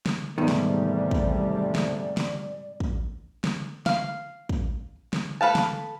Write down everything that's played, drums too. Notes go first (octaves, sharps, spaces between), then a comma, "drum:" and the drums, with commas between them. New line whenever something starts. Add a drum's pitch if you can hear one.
drum: snare
E2 G#2 C3 D#3 G3 A3 D5
drum: snare
drum: kick
drum: snare
drum: snare
drum: kick
drum: snare
F5, drum: snare
drum: kick
drum: snare
A4 B4 F5 A5
drum: snare